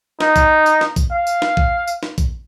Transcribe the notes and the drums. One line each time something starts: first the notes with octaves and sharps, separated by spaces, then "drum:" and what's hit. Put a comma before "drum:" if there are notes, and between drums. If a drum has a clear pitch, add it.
D#4, drum: snare
drum: kick A#1, tambourine
drum: tambourine
drum: snare
drum: kick A#1, tambourine
F5
drum: tambourine
drum: snare
drum: kick A#1
drum: tambourine
drum: snare
drum: kick A#1, tambourine